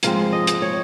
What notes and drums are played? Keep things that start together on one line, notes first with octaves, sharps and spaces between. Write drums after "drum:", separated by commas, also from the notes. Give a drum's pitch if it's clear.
G#2 F3 G#3 C4 F5, drum: hi-hat
D#5
drum: hi-hat
C#5